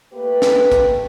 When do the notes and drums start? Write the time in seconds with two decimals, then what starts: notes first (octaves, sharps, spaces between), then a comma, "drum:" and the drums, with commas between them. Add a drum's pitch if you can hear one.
0.12 A3 A#3 G4 B4
0.42 drum: snare
0.72 drum: kick, hi-hat